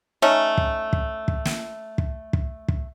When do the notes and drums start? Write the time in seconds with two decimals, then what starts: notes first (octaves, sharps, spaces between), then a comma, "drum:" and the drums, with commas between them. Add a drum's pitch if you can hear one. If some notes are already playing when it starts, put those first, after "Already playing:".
0.22 A3 C#4 D#4
0.58 drum: kick
0.93 drum: kick
1.28 drum: kick
1.45 drum: snare
1.98 drum: kick
2.33 drum: kick
2.68 drum: kick